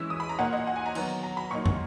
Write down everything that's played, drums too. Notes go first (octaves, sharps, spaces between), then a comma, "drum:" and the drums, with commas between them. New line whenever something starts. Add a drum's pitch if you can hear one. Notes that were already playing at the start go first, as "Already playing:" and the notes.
Already playing: E3 G#3 C#4 E4 E6
D#6
B5
A#5
A#2 A#3 D#4 F#5
D#5
F#5
G#5
A#5
D#3 F#3 B3, drum: cymbal
A#5
B5
A#2 F#3 A#3 D#4 C#6
drum: tom